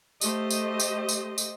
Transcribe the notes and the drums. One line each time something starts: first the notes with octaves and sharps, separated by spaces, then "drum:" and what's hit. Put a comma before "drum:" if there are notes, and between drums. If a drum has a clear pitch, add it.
A3 G4 C5 D#5, drum: tambourine
drum: tambourine
drum: tambourine
drum: tambourine
drum: tambourine